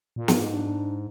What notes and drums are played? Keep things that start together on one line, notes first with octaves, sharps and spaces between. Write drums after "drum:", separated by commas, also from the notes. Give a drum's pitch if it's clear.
A#2
G#2 F4, drum: snare
D#4
D4
D4